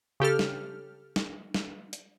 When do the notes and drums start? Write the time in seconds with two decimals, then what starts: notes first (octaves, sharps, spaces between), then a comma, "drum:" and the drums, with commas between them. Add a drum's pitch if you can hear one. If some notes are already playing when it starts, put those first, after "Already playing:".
0.20 C#3 G4 A4 F6
0.39 drum: snare
1.16 drum: snare
1.54 drum: snare
1.93 drum: hi-hat